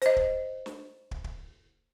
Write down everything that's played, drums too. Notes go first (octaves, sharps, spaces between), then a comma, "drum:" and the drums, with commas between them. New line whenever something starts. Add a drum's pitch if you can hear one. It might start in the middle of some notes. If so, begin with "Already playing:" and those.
C5 D#5, drum: hi-hat
drum: kick
drum: snare
drum: kick
drum: kick